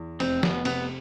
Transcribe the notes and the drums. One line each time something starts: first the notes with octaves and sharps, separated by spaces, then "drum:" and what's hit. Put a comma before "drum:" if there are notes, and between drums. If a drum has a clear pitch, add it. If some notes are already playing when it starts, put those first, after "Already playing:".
Already playing: E2
F1 C4, drum: cymbal
B3, drum: snare
C3 B3, drum: cymbal